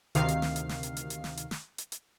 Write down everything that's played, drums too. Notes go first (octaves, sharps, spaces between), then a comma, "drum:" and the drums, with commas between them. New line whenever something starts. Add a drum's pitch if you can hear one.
D2 C3 D#3 F5 C7, drum: hi-hat
drum: hi-hat
drum: snare
drum: hi-hat
drum: snare
drum: hi-hat
drum: hi-hat
drum: hi-hat
drum: snare
drum: hi-hat
drum: snare
drum: hi-hat
drum: hi-hat